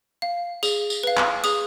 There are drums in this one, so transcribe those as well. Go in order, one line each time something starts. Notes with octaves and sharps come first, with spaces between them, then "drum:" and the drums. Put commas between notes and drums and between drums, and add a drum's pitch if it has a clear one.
F5
G#4, drum: tambourine
drum: tambourine
B4 F5
drum: clap
G#4 D#6, drum: tambourine